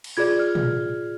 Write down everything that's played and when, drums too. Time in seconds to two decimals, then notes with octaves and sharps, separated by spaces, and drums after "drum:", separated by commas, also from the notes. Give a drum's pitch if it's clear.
0.04 drum: cymbal
0.17 F4 G#4 D5 G#6
0.39 F6
0.55 drum: tom